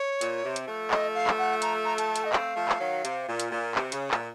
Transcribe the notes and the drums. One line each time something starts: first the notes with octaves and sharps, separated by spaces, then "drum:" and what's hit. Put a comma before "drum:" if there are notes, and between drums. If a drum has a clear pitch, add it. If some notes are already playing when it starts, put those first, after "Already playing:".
Already playing: C#5
A#2, drum: hi-hat
C3
drum: hi-hat
F3 A3
D#5, drum: clap
F5
drum: clap
F#5
A#5, drum: hi-hat
A#5
A5, drum: hi-hat
drum: hi-hat
D#5
A3 C4 F5, drum: clap
F3 A3
drum: clap
D#3 F#3
C3, drum: hi-hat
A#2
drum: hi-hat
A#2
C3, drum: clap
C#3, drum: hi-hat
A#2, drum: clap